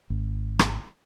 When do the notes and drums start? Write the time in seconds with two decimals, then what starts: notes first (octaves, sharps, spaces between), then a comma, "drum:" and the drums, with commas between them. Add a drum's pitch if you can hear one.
0.10 G#1
0.59 drum: rim click